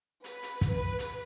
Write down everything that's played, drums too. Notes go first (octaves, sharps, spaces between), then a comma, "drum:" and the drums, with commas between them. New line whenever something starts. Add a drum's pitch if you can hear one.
B4, drum: hi-hat
drum: hi-hat
drum: kick, hi-hat
B4
drum: hi-hat